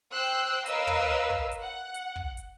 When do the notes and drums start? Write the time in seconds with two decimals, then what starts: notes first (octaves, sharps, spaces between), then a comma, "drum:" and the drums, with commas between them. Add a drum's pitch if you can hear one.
0.13 C5 G5 E6 F#6 C7
0.66 A#4 B4 C#5 D#5 F5 E6, drum: hi-hat
0.87 drum: tom
1.30 drum: kick
1.51 drum: hi-hat
1.61 F#5
1.94 drum: hi-hat
2.16 drum: kick
2.37 drum: hi-hat